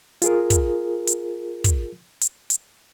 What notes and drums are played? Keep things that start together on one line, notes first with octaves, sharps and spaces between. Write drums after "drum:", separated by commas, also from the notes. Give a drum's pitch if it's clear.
F4 G#4 A#4, drum: hi-hat
drum: kick, hi-hat
drum: hi-hat
drum: kick, hi-hat
drum: hi-hat
drum: hi-hat